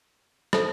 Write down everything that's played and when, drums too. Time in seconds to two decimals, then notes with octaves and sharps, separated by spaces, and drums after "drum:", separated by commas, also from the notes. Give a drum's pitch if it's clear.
0.53 A4 C5 E5 A5, drum: rim click